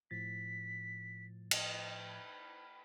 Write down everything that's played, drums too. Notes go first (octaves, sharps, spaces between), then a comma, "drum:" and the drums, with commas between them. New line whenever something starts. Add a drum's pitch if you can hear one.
A2 F3 A6 B6
D#5, drum: cymbal
B5